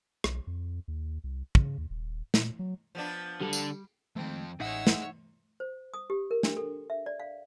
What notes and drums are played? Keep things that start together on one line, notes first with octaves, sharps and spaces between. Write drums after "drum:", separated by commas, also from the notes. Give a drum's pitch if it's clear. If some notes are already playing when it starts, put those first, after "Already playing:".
B1, drum: rim click
F2
D#2
C2
C#3, drum: kick
D#2
D#1
A#2, drum: snare
F#3
F3 B3 D4
D3 G3 A4
drum: tambourine
F2 D#3 F3 G#3 A3 C4
A1 D#4 G#4 C#5 D#5 E5 F#5 E6
drum: snare
C5
D#6
G4
A#4
D4, drum: snare
A4
E5
D5
F5